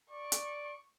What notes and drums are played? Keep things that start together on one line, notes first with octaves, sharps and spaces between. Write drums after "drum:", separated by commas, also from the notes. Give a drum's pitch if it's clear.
D5 C#6
drum: hi-hat